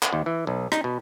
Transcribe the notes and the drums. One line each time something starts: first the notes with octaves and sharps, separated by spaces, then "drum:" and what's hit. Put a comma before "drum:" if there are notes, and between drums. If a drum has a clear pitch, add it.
drum: clap
D#2
E3
B1
D#4, drum: rim click
B2